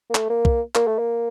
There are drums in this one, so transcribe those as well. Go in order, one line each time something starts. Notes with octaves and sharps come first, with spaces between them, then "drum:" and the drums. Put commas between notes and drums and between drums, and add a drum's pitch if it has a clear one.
A#3
A3, drum: clap
A#3
drum: kick
A#3, drum: clap
A3
A#3